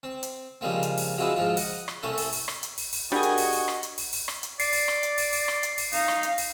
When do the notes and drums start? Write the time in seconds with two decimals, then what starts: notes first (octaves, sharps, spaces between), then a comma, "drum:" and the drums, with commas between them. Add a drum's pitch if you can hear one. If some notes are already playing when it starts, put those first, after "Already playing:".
0.03 C4
0.23 drum: hi-hat
0.61 C#3 F3 G3 G#3 A#3 C4
0.83 drum: hi-hat
0.98 drum: open hi-hat
1.18 F3 F#3 G#3 C4 D#4 E4
1.36 G#2 F3 G#3 F4
1.57 D#5 F#5, drum: open hi-hat
1.88 drum: rim click
2.03 C2 A3 C4 C#4 A4
2.18 drum: open hi-hat
2.33 drum: open hi-hat
2.48 drum: rim click
2.63 drum: hi-hat
2.78 drum: open hi-hat
2.93 drum: open hi-hat
3.12 G3 D4 F#4 G#4 A#4 D#5 G#5 C#6
3.23 drum: hi-hat
3.38 drum: open hi-hat
3.53 drum: open hi-hat
3.68 drum: rim click
3.83 drum: hi-hat
3.98 drum: open hi-hat
4.13 drum: open hi-hat
4.28 drum: rim click
4.43 drum: hi-hat
4.60 D5 C7, drum: open hi-hat
4.73 drum: open hi-hat
4.88 drum: rim click
5.03 drum: hi-hat
5.18 drum: open hi-hat
5.33 drum: open hi-hat
5.48 drum: rim click
5.63 drum: hi-hat
5.78 drum: open hi-hat
5.93 D#4 F5, drum: open hi-hat
6.08 drum: rim click
6.23 drum: hi-hat
6.38 drum: open hi-hat